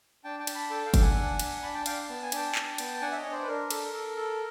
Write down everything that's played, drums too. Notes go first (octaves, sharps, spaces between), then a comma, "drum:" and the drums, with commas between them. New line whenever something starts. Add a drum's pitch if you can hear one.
D4 G5 A5
G5 A5
D4, drum: cymbal
A5 B5
A4 G5 A5
F5 G5
D4, drum: kick F#1, cymbal
F#5 G#5
D4
D4, drum: cymbal
D4 A5 B5
G5 A5
D4 F5 G5, drum: cymbal
B3 A5
G#5
D4 G5 A5, drum: cymbal
D4, drum: clap
B3, drum: cymbal
D4 F#5 G#5
E5
C#5 D#5
D4
C5 D5
B4
D4 A#4
A4, drum: cymbal
A4
A4